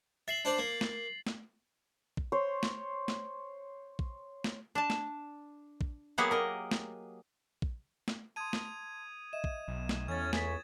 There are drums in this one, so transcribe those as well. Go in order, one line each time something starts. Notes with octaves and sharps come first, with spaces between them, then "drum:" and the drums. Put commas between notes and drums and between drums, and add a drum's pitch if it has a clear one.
E5 A6 C7 F#7
D4 C5 D5
A#3
drum: snare
drum: snare
drum: kick A#1
C5 C#5
drum: snare
drum: snare
drum: kick A#1
drum: snare
D4 A5
drum: snare
drum: kick A#1
F#3 A#3 B3 G4 G#4 F#5
A#4 D#5
drum: snare
drum: kick A#1
drum: snare
A5 C6 D#6 G#6 D#7
drum: snare
D#5 E5 E7
drum: kick A#1
B1
drum: snare
E2 A2 C#4 G#6 A6
C#2 A3 C#5 G#5 B6, drum: snare